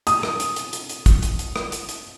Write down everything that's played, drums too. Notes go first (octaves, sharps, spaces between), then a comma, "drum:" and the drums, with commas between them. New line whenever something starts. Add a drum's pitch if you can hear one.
D#6, drum: hi-hat
drum: rim click
drum: hi-hat
drum: hi-hat
drum: hi-hat
drum: hi-hat
drum: kick, hi-hat
drum: hi-hat
drum: hi-hat
drum: rim click
drum: hi-hat
drum: hi-hat